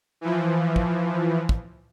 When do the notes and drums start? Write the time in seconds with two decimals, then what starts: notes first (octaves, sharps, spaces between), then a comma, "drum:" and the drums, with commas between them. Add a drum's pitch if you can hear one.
0.21 E3 F3
0.76 drum: kick
1.49 drum: kick